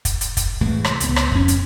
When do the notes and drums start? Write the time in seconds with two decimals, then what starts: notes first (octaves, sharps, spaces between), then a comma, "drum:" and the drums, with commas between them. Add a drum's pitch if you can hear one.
0.05 drum: kick, hi-hat
0.21 drum: hi-hat
0.37 drum: kick, hi-hat
0.60 C2 A2 E3 G#3
0.84 drum: rim click
1.00 C#2 B3, drum: hi-hat
1.16 drum: rim click
1.32 F2 C#4, drum: kick
1.48 drum: hi-hat